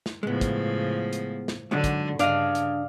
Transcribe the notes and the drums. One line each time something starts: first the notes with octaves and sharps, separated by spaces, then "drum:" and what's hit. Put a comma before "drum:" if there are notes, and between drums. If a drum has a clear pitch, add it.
drum: snare
A2 C#3 F3 G#3 B3
drum: kick, hi-hat
drum: hi-hat
drum: snare
G#2 D3 F#3 D4
drum: kick, hi-hat
G2 C#3 D4 D5 D#5 F5, drum: hi-hat
drum: hi-hat